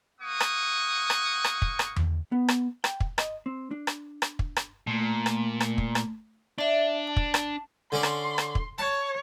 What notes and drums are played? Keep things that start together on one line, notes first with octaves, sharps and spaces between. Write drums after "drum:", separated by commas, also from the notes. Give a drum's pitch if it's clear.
A#3 F#5 C#6 D#6
drum: rim click
drum: rim click
drum: rim click
drum: kick
drum: rim click
drum: tom E2
B3
drum: rim click
G5, drum: rim click
drum: kick
D#5, drum: rim click
C4
D4
drum: rim click
drum: rim click
drum: kick
drum: rim click
A#2 A3
drum: rim click
drum: rim click
drum: kick
drum: rim click
D4 D5 E5
A5
drum: kick
drum: rim click
D3 C#4 D5 C6
drum: rim click
drum: rim click
drum: kick
C#5 A5